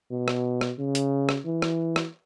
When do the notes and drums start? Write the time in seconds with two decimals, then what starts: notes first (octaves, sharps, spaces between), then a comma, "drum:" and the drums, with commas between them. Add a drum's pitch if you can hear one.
0.11 B2
0.28 drum: rim click
0.61 drum: rim click
0.79 C#3
0.95 drum: hi-hat
1.29 drum: rim click
1.46 E3
1.62 drum: rim click
1.96 drum: rim click